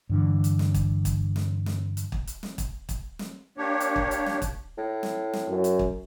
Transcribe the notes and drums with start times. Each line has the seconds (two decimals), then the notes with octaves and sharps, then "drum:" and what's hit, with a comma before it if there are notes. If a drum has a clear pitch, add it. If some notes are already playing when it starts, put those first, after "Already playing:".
0.09 G2 D3 E3
0.44 drum: hi-hat
0.59 drum: snare
0.74 drum: kick, hi-hat
1.05 drum: kick, hi-hat
1.36 drum: snare
1.66 drum: snare
1.97 drum: hi-hat
2.12 drum: kick
2.27 drum: hi-hat
2.43 drum: snare
2.58 drum: kick, hi-hat
2.89 drum: kick, hi-hat
3.19 drum: snare
3.57 A#3 D4 G4 C#5
3.80 drum: hi-hat
3.96 drum: kick
4.11 drum: hi-hat
4.26 drum: snare
4.42 drum: kick, hi-hat
4.78 A2
5.03 drum: snare
5.33 drum: snare
5.49 F#2
5.64 drum: hi-hat
5.79 drum: kick